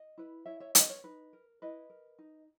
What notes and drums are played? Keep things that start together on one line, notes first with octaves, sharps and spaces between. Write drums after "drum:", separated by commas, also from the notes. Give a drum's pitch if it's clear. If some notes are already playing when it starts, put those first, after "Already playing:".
Already playing: D#5
E4 B4
E4 C#5 E5
C#5 E5
B4 D#5, drum: hi-hat
C#5
D#4 B4
A#4
E4 B4 D#5
A#4
D#4